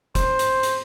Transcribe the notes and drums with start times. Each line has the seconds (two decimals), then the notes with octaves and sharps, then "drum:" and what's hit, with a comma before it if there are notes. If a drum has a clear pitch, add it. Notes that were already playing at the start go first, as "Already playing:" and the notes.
0.15 C5, drum: kick, hi-hat
0.39 drum: hi-hat
0.63 drum: hi-hat